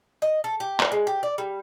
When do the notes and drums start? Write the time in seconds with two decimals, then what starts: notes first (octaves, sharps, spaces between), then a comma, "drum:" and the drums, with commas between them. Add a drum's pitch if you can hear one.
0.22 D#5
0.44 A4
0.60 G4
0.80 D4, drum: clap
0.92 G#3
1.07 G4
1.23 D5
1.38 G3